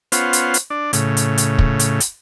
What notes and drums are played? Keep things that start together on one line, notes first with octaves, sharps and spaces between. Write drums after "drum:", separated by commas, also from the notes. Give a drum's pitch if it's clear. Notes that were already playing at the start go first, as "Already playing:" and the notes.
B3 C#4 F4 C5 F#5, drum: hi-hat
drum: hi-hat
drum: hi-hat
D4
A2 C#3, drum: hi-hat
drum: hi-hat
drum: hi-hat
drum: kick
drum: hi-hat
drum: hi-hat